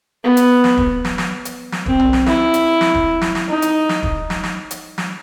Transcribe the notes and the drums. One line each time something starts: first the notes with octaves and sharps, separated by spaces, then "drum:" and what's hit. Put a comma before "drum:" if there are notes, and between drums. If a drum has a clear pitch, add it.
B3
drum: hi-hat
drum: snare
drum: kick
drum: snare
drum: snare
drum: hi-hat
drum: snare
C4, drum: kick
drum: tom B1
drum: snare
E4, drum: snare
drum: hi-hat
drum: snare
drum: kick
drum: snare
drum: snare
D#4
drum: hi-hat
drum: snare
drum: kick
drum: snare
drum: snare
drum: hi-hat
drum: snare